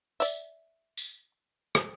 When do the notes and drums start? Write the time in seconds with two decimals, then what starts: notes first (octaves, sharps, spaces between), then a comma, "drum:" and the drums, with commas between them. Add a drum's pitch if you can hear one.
0.20 D5 E5, drum: tambourine
0.98 drum: tambourine
1.75 drum: rim click